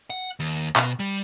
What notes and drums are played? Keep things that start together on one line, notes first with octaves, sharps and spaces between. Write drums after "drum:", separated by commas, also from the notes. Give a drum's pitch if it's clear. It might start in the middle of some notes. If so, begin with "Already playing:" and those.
F#5
D#2
B2, drum: clap
G3